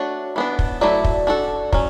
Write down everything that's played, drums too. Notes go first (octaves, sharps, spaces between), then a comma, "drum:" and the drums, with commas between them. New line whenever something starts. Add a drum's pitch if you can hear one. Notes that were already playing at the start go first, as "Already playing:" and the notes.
Already playing: A3 D4 F#4 C#5
E3 B3 D4
drum: kick
F#3 A3 E4 D5
drum: kick
D4 F#4 A4
F#3 C#4, drum: kick